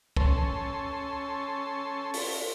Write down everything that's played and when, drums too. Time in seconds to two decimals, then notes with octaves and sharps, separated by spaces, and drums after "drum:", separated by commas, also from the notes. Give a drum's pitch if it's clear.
0.17 C#4 A4 C6, drum: kick
2.14 drum: open hi-hat